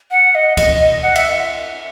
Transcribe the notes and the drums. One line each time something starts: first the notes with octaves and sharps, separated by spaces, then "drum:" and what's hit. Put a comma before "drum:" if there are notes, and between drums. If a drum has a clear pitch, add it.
F#5
D#5
D#5, drum: kick C#2, cymbal
F#5
E5, drum: cymbal